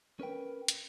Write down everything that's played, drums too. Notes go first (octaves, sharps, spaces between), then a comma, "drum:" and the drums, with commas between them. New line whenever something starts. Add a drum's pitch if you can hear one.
C#4 A#4 B4 G5
drum: hi-hat